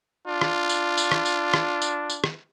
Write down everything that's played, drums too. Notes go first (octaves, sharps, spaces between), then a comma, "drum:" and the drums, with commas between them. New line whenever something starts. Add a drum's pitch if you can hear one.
D4 F4
drum: rim click
drum: tambourine
drum: tambourine
drum: rim click
drum: tambourine
drum: rim click
drum: tambourine
drum: tambourine
drum: rim click